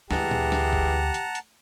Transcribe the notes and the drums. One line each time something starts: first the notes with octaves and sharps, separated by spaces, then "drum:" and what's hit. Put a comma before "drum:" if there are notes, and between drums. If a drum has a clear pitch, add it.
D2 E3 G#3 G4 F#5 A5 A#5, drum: snare
drum: tom A#2
drum: snare
drum: kick
drum: hi-hat
drum: hi-hat